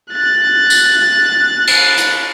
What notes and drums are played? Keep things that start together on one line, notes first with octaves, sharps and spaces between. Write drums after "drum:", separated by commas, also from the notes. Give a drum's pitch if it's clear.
F#6 A6
drum: tambourine
drum: cymbal
drum: hi-hat